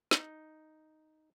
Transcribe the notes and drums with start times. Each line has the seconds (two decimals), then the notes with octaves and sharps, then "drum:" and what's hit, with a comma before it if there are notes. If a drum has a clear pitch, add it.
0.11 D#4, drum: snare